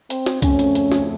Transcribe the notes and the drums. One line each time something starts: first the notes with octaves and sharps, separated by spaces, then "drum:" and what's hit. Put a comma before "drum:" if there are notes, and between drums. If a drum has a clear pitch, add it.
C4, drum: hi-hat
drum: snare
F2 C#3 A3 C#4, drum: kick C2, hi-hat
drum: hi-hat
drum: hi-hat
drum: snare